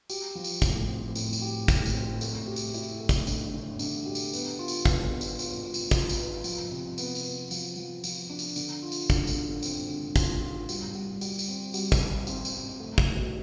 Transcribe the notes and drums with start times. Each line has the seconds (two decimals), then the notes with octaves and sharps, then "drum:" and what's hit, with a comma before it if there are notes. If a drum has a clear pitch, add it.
0.10 G4, drum: tambourine
0.35 F3
0.44 drum: tambourine
0.62 A2, drum: kick, tambourine
0.89 C4
1.15 A2, drum: tambourine
1.33 drum: tambourine
1.42 G4
1.68 A2, drum: kick, tambourine
1.86 drum: tambourine
1.95 C4
2.21 A3, drum: tambourine
2.47 G4
2.56 drum: tambourine
2.74 E4, drum: tambourine
3.00 A3
3.09 drum: kick, tambourine
3.27 D3, drum: tambourine
3.53 D3
3.79 D3, drum: tambourine
4.06 G4
4.15 drum: tambourine
4.33 B3, drum: tambourine
4.59 F4
4.68 drum: tambourine
4.85 B3, drum: kick, tambourine
5.12 B3
5.21 drum: tambourine
5.39 F4, drum: tambourine
5.65 F4
5.74 drum: tambourine
5.91 F4, drum: kick, tambourine
6.09 drum: tambourine
6.18 B4
6.44 F3, drum: tambourine
6.71 C3
6.98 B3, drum: tambourine
7.15 drum: tambourine
7.24 B3
7.51 F3, drum: tambourine
7.77 F3
8.04 F3, drum: tambourine
8.30 D4
8.39 drum: tambourine
8.56 D3, drum: tambourine
8.82 F4
8.92 drum: tambourine
9.10 D3, drum: kick, tambourine
9.27 drum: tambourine
9.36 D3
9.63 C4, drum: tambourine
9.89 D3
10.16 F4, drum: kick, tambourine
10.42 F4
10.69 G3, drum: tambourine
10.95 G3
11.21 G3, drum: tambourine
11.39 drum: tambourine
11.48 C4
11.74 G3, drum: tambourine
11.92 drum: kick, tambourine
12.01 C4
12.27 C4, drum: tambourine
12.45 drum: tambourine
12.54 C4
12.80 A3
12.98 drum: kick
13.07 B2